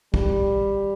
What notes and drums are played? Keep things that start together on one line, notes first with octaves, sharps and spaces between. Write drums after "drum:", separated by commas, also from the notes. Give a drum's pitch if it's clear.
G3, drum: kick